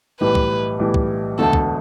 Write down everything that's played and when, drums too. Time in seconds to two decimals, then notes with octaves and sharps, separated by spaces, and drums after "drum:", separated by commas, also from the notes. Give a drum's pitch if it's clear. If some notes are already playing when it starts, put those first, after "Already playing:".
0.20 B1 A2 E3 G3 B4
0.35 drum: kick
0.79 B1 A2 E3 G3
0.94 drum: kick
1.38 E1 D2 D3 A3 A4
1.53 drum: kick